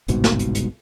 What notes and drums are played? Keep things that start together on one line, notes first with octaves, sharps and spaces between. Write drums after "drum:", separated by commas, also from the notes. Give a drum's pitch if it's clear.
G1 C2 G#2 B2, drum: hi-hat
drum: snare
drum: hi-hat
drum: hi-hat